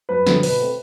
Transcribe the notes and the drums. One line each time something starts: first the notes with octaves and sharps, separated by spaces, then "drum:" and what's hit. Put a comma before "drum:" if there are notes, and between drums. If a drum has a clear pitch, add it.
F#2 B4
D3 F#3 A3 C4, drum: snare
B2 B4, drum: open hi-hat
A3 C4